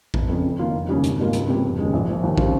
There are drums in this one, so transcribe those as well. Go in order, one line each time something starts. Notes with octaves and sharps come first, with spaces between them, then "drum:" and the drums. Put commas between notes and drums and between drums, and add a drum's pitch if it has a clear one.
F1, drum: kick
F2 C#3
F2
D#3 A#3 F4
F1
D#2 C#3 G3
G#1, drum: hi-hat
G#2 G3 A#3 F4
C#2, drum: hi-hat
C3 G3
F1
D#2 C#3 G#3
A#1
A#2 F3
D#2
C#3 G3 C4 F4, drum: kick